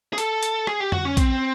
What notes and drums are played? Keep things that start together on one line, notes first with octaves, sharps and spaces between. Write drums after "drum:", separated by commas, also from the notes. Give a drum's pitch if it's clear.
G#4
A4, drum: hi-hat
drum: hi-hat
G#4, drum: rim click
G4
F#4, drum: tom F2
C#4
C4, drum: kick, hi-hat